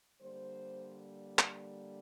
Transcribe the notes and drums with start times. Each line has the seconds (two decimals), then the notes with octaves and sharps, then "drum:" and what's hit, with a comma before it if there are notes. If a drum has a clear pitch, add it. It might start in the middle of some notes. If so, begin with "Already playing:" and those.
0.21 D3 G3 A#3 C5
1.39 drum: clap